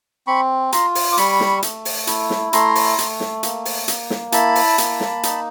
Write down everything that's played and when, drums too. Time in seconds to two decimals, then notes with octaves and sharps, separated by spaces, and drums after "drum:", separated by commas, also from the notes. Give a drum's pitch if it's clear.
0.27 C4 B5 C#6
0.72 F4 A#5 C6, drum: hi-hat
0.95 drum: open hi-hat
1.12 D6
1.17 G3 B5 C#6, drum: hi-hat
1.40 drum: snare
1.62 A3, drum: hi-hat
1.85 drum: open hi-hat
2.07 E4, drum: hi-hat
2.30 drum: snare
2.53 A3 A#5 C6, drum: hi-hat
2.75 drum: open hi-hat
2.98 A3, drum: hi-hat
3.20 drum: snare
3.43 A#3, drum: hi-hat
3.65 drum: open hi-hat
3.88 A#3, drum: hi-hat
4.10 drum: snare
4.32 E4 A5 B5, drum: hi-hat
4.55 drum: open hi-hat
4.78 A#3, drum: hi-hat
5.00 drum: snare
5.23 D#4, drum: hi-hat